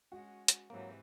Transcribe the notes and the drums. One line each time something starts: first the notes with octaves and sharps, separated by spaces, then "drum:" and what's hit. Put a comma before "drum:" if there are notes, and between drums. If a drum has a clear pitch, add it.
G#3 C#4 F#4
drum: hi-hat
G#2 C3 E3 F#3 A#3